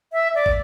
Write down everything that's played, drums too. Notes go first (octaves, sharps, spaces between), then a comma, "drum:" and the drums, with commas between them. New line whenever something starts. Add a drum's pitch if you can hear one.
E5
D5
drum: kick